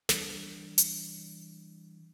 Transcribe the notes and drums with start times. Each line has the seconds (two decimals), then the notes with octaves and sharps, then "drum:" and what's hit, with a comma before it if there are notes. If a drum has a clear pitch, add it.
0.09 E3 G3 D4, drum: snare
0.78 drum: hi-hat